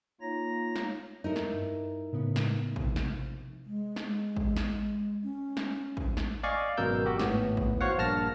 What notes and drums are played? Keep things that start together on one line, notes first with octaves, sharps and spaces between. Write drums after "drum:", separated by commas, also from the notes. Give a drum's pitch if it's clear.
A#3 D#4 F4 C#5 A#5 A#6
drum: snare
D#4 E4 A4 A#4
drum: snare
G2
A2 C#3 B3
drum: snare
drum: kick A1
C3 F3
drum: snare
G#3
drum: snare
drum: kick A1
drum: snare
C#4
drum: snare
drum: kick A1
drum: snare
D5 D#5 F5 G#5 C#6
G#1 F#2 B2 A#4 E6 G6
F#4 G4
G#1 A2 B3, drum: snare
drum: kick A1
F#4 C5 C#5 F5 F#5
A#1 G2 A#3 A5 F6 A#6